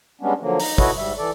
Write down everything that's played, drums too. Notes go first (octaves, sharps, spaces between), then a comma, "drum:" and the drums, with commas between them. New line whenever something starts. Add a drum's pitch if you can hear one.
G3 G#3 B3 C#4 D4
D3 F3 F#3 A#3
D#4 A#5, drum: open hi-hat
E4 F#4 A4 B4 C#5 D#5, drum: kick
G#2 G3 E5
E3 A4 D5